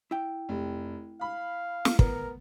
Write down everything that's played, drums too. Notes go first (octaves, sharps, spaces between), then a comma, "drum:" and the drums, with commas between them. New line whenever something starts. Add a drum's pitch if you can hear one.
E4 G5
F1
F5 B5
drum: snare
B3 A#4, drum: kick